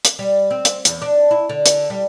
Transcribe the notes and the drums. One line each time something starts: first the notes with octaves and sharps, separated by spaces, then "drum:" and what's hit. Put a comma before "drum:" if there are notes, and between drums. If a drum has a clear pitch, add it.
drum: hi-hat
G3
C4
drum: hi-hat
E2, drum: hi-hat
D4
E4
D3
drum: hi-hat
G3